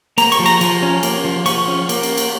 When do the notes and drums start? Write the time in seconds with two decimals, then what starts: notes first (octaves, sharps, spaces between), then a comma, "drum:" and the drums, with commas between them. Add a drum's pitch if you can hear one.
0.18 A#3 A#5, drum: cymbal
0.32 C#6, drum: cymbal
0.39 F3
0.46 A#5, drum: cymbal
0.61 F3, drum: cymbal
0.83 C#4
1.03 A#3, drum: cymbal
1.25 F3
1.46 F3 C#6, drum: cymbal
1.68 C#4
1.89 A#3, drum: cymbal
2.03 drum: cymbal
2.18 drum: cymbal